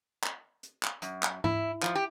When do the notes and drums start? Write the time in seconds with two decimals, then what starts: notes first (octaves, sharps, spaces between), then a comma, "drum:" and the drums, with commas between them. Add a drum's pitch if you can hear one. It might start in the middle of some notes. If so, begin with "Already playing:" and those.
0.23 drum: clap
0.63 drum: hi-hat
0.83 drum: clap
1.02 F#2, drum: hi-hat
1.23 drum: clap
1.44 E4, drum: tom G#2
1.82 F3, drum: clap
1.95 G4